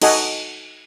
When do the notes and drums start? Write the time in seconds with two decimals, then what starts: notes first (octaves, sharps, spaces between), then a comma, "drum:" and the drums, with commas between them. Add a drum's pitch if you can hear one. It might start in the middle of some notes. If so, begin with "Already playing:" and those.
0.02 D#4 F#4 A4 D#5 F#5 G#5, drum: cymbal